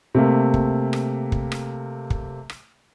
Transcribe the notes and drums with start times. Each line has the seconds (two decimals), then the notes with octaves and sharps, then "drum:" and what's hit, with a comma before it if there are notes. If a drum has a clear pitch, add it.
0.15 C3 A3 A#3
0.54 drum: kick
0.93 drum: rim click
1.32 drum: kick
1.52 drum: rim click
2.10 drum: kick
2.50 drum: rim click